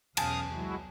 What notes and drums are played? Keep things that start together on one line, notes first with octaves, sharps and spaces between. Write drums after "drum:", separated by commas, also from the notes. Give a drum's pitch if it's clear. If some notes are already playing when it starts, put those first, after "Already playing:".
B1 E2 C#4 F5 G#5 A5 D#6, drum: cymbal
C2 F#3 G#3 E4 F#4